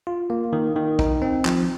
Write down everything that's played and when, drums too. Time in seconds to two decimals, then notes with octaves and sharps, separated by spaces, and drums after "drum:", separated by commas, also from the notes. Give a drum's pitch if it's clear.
0.07 F4
0.30 A#3
0.53 D#3
0.76 D#3
0.99 D#4, drum: kick
1.22 C4
1.45 F3, drum: clap